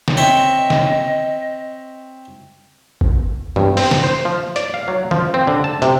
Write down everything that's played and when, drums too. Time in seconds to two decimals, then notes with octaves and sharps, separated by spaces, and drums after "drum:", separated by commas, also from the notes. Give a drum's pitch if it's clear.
0.08 drum: snare
0.17 C4 C#5 D#5 E5
0.70 drum: snare
3.01 drum: kick
3.56 G2, drum: tom G2
3.77 C4, drum: open hi-hat
3.91 drum: snare
4.04 C5
4.25 F3
4.56 D5, drum: hi-hat
4.74 F5
4.88 F#3
5.11 F3, drum: tom D#3
5.34 C4
5.47 D3
5.64 A5
5.82 C3, drum: hi-hat